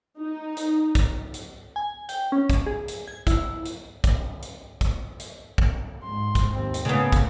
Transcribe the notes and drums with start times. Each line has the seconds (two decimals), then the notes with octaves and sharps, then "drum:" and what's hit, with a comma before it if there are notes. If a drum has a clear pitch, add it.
0.19 D#4
0.57 drum: hi-hat
0.95 drum: kick, hi-hat
1.34 drum: hi-hat
1.76 G#5
2.09 G5, drum: hi-hat
2.32 C#4
2.50 drum: kick, hi-hat
2.66 G#4
2.88 drum: hi-hat
3.08 G#6
3.27 E4, drum: kick, hi-hat
3.65 drum: hi-hat
4.04 drum: kick, hi-hat
4.42 drum: hi-hat
4.81 drum: kick, hi-hat
5.20 drum: hi-hat
5.58 drum: kick
6.03 G#2 C6
6.35 drum: kick, hi-hat
6.54 D#2 C4
6.74 drum: hi-hat
6.85 A2 C#3 A#3 B3
7.12 drum: kick, hi-hat